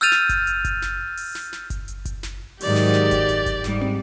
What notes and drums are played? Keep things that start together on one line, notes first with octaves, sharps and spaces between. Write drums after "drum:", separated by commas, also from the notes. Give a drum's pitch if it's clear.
E6 F6 G6 A6 D#7 F7
drum: snare
drum: kick F#1, hi-hat
drum: hi-hat
drum: kick F#1, hi-hat
drum: snare
drum: open hi-hat
drum: snare
drum: snare
drum: kick F#1, hi-hat
drum: hi-hat
drum: kick F#1, hi-hat
drum: snare
G#2 D#3 F#3 G4 D5, drum: open hi-hat
drum: snare
drum: snare
drum: kick F#1, hi-hat
drum: hi-hat
drum: kick F#1, hi-hat
G#2 G3, drum: snare
drum: tom